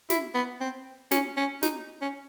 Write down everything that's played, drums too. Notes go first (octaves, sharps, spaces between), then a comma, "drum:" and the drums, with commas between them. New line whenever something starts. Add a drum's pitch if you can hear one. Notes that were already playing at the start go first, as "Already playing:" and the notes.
E4, drum: snare
B3
C4
C#4, drum: snare
C#4
D#4, drum: snare
C#4